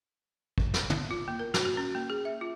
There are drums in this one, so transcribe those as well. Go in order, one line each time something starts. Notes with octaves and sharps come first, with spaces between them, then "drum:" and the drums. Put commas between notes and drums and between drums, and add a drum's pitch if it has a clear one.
drum: kick
drum: snare
drum: tom
F4
A#3
A#4
F#4, drum: snare
F#4
C#4
A#3
G#4
E5
F4